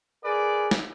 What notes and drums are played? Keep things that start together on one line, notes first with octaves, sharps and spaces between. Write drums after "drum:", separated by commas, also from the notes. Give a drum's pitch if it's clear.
G#4 A#4 B4 D5
drum: snare